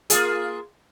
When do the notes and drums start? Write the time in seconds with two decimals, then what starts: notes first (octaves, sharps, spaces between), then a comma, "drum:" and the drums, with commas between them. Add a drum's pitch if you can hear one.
0.10 A#3 F4 G#4, drum: hi-hat